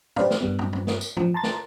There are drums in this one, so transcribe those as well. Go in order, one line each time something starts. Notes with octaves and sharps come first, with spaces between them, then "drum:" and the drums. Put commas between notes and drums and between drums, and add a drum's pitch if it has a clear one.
G4 B4 C5 D5 F5, drum: tom
drum: snare
G2 G3 B3
drum: tom
drum: tom
drum: snare
drum: tambourine
F3, drum: tom
A5 A#5 C6 A6
drum: snare